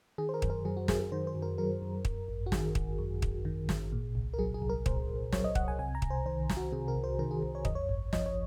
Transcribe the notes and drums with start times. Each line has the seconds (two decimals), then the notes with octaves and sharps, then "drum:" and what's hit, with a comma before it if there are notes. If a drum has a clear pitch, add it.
0.18 D#3 G#4
0.29 C5
0.34 A#4
0.42 F#2, drum: kick
0.50 A#4
0.65 F#3 G#4
0.77 F#4
0.88 F#2 G#4, drum: snare
1.00 G#4
1.12 D#3 C5
1.27 C5
1.35 F#2
1.42 A#4
1.58 F#3 A#4
1.82 F#2
2.05 F#2, drum: kick
2.28 G#1
2.46 F#4
2.52 D#3 G#4, drum: snare
2.75 G#1, drum: kick
2.99 F#2
3.22 G#1, drum: kick
3.45 D#3
3.69 G#1, drum: snare
3.92 A#2
4.15 C2
4.34 A#4
4.39 F#3 G#4
4.54 G#4
4.62 C2
4.70 A#4
4.86 A#2 C5, drum: kick
5.09 C2
5.33 F#3 C#5, drum: snare
5.44 D#5
5.55 C2 F#5, drum: kick
5.68 G#5
5.79 C3 G#5
5.95 A#5
6.02 C2, drum: kick
6.10 C5
6.26 D#3 C5
6.50 C2, drum: snare
6.57 F#4
6.72 C3 G#4
6.88 A#4
6.96 C2
7.04 C5
7.19 D#3 A#4
7.31 G#4
7.43 C2
7.55 C#5
7.65 F#2 D#5, drum: kick
7.75 C#5
7.89 G#1
8.13 F3 D#5, drum: snare
8.26 C#5